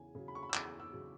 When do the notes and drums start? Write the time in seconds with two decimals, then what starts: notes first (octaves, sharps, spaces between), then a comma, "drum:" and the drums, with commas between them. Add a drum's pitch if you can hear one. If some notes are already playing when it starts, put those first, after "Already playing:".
Already playing: E2 C#3 G#5
0.15 C#3 F#3
0.28 B5
0.35 C#6
0.43 B5
0.49 E6
0.54 E2 D6, drum: clap
0.80 E6
0.92 C#3 F#3